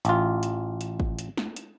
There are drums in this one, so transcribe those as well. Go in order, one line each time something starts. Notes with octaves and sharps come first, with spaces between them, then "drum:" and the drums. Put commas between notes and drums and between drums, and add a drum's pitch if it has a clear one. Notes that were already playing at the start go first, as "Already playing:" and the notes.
A1 F4, drum: hi-hat
drum: hi-hat
drum: hi-hat
drum: kick
drum: hi-hat
drum: snare
drum: hi-hat